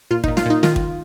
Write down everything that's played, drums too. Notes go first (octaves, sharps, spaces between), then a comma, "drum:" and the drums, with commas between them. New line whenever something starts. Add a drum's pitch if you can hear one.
A#2 F4
D#4, drum: kick
A#2
F4, drum: snare
A#2 D#4
D#3 F4, drum: snare
drum: kick